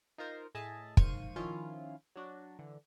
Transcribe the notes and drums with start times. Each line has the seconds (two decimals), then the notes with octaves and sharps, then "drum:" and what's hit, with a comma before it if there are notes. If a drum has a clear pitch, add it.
0.18 D#4 F4 A#4 C5
0.55 A2 G#4 D#5 E5 A5
0.97 G#2 D#3 C5 F5 C#6 D#7, drum: kick
1.36 D#3 F3 C#4 E4 F4
2.16 F#3 D4 F#4
2.59 D3 E3